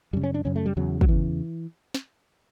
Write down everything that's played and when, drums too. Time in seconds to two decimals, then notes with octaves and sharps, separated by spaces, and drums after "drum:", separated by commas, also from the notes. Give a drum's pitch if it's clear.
0.13 F#2 C#3 G3
0.23 C#4
0.34 D4
0.45 F#2 C#3 C#4
0.56 A3
0.66 G3
0.77 E2 C#3 F#3
1.01 F#3, drum: kick
1.08 E2 C#3 E3
1.94 drum: snare